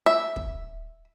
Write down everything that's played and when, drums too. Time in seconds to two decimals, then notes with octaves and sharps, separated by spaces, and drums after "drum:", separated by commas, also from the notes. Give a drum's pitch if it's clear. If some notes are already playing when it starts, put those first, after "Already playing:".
0.06 E5
0.36 drum: kick